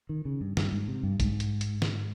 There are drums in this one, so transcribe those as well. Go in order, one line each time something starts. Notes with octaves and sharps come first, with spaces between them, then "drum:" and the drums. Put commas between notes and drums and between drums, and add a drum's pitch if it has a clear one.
D#3
C#3
G2
G2, drum: snare
G#2
C3
G2
G#2, drum: kick, hi-hat
drum: hi-hat
drum: hi-hat
drum: snare